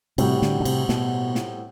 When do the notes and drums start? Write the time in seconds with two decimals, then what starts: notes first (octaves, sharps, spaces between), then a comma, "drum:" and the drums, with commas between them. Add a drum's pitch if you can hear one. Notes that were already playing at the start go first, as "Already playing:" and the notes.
0.18 A2 C3 G3 C4 F#4, drum: cymbal
0.42 D3, drum: snare
0.61 D3
0.65 C3, drum: cymbal
0.89 B2, drum: snare
1.35 drum: snare